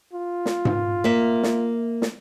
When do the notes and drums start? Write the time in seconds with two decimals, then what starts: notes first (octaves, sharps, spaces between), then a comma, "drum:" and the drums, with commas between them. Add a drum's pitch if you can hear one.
0.13 F4
0.46 drum: snare
0.65 drum: tom G#2
1.04 A#3 E5
1.43 drum: snare
2.02 drum: snare